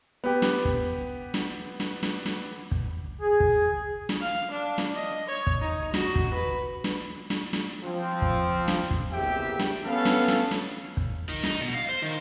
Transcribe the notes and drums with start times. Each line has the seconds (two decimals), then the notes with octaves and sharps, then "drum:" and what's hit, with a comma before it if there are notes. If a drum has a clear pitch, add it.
0.24 B3 G4
0.42 drum: snare
0.65 drum: kick
1.34 drum: snare
1.80 drum: snare
2.03 drum: snare
2.26 drum: snare
2.71 drum: kick
3.21 G#4
3.40 drum: kick
4.09 drum: snare
4.21 F5
4.51 D4
4.78 drum: snare
4.95 D#5
5.28 C#5
5.47 drum: kick
5.61 D#4
5.94 F#4, drum: snare
6.15 drum: kick
6.34 B4
6.84 drum: snare
7.30 drum: snare
7.53 drum: snare
7.84 F3 C4
8.22 drum: kick
8.68 drum: snare
8.91 drum: kick
9.12 F#1 E2 C3 G4 E5 G5
9.59 drum: snare
9.85 B3 C#4 A4 F5
10.05 drum: snare
10.28 drum: snare
10.51 drum: snare
10.97 drum: kick
11.29 D#3
11.43 D#4, drum: snare
11.61 B2
11.75 F5
11.89 C5
12.02 D#3